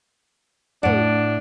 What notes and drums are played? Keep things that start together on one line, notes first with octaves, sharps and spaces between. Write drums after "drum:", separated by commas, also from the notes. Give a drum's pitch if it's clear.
A2 D4 F#5, drum: tom